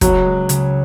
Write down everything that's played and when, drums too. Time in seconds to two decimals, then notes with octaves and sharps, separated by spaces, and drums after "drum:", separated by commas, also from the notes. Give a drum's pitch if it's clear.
0.01 C#2 F#3, drum: kick, hi-hat
0.25 G#3
0.49 C#3, drum: hi-hat